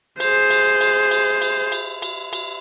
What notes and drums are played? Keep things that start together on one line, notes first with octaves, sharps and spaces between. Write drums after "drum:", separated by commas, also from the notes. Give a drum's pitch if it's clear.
G#4 C5, drum: cymbal
drum: cymbal
drum: cymbal
drum: cymbal
drum: cymbal
drum: cymbal
drum: cymbal
drum: cymbal